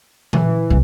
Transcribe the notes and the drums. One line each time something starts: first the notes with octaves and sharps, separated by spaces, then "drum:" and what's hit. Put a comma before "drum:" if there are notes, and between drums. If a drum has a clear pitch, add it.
E3, drum: tom A#2
C2 F#3